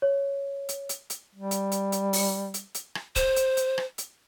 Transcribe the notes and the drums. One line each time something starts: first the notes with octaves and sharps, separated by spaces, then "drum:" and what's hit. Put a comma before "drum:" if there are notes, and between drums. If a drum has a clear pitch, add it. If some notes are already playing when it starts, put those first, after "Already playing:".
C#5
drum: hi-hat
drum: hi-hat
drum: hi-hat
G3
drum: hi-hat
drum: hi-hat
drum: hi-hat
drum: open hi-hat
drum: hi-hat
drum: hi-hat
drum: rim click
C5, drum: kick D1, hi-hat
drum: hi-hat
drum: hi-hat
drum: rim click
drum: hi-hat